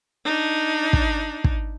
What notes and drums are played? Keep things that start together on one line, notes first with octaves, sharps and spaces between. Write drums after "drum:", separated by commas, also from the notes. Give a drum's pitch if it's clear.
D4 D#4
drum: kick
drum: kick